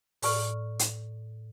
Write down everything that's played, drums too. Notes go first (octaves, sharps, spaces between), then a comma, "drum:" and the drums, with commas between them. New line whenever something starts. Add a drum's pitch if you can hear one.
A2 D5 C#6 F6, drum: open hi-hat
drum: hi-hat